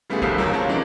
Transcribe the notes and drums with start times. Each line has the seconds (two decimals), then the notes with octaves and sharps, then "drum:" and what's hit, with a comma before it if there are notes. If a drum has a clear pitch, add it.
0.10 C#3 G3 A3 B3 F4 G#4
0.22 F#1 B1 D#3 F3 E6 C7, drum: kick
0.38 D#2 C#3 F#3 A#3, drum: tom F#3
0.53 C4 C#4 F4 A5
0.68 E3 G#3 D4 D#4 A#4